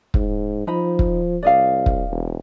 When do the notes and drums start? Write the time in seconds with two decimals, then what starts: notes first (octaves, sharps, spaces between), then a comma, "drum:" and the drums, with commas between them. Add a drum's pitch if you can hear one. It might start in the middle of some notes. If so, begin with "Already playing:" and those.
0.14 G#2, drum: kick
0.67 F3 D#4 B5
0.99 drum: kick
1.43 C2 D5 D#5 F5
1.86 drum: kick
2.10 E1